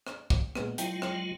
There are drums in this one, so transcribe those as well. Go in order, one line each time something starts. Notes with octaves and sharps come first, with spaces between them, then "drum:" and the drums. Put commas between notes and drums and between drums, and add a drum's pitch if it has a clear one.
drum: rim click
drum: kick
A#2 G#3 B3, drum: rim click
F#3 G#3 E4 F4 G5, drum: hi-hat
drum: rim click